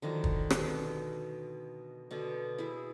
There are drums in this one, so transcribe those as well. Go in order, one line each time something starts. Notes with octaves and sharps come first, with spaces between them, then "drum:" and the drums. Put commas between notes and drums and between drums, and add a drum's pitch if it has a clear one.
D3 D#3 F3 F#3
drum: kick
B2, drum: rim click
B2 D3 B3
E4 G#4 B4